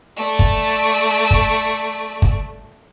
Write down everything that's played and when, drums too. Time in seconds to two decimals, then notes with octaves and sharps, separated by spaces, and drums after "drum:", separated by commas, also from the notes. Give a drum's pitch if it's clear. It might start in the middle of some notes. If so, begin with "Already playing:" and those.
0.16 A3 D5
0.39 drum: kick G1
1.31 drum: kick G1
2.22 drum: kick G1